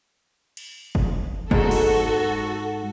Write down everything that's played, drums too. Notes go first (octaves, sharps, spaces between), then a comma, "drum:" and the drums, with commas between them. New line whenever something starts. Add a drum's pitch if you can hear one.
drum: cymbal
drum: kick
G#2 F#4 A4, drum: kick
drum: cymbal